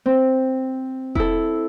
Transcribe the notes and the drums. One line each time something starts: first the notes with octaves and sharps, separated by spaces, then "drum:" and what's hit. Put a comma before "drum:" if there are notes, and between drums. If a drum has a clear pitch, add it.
C4
E4 A4, drum: kick E1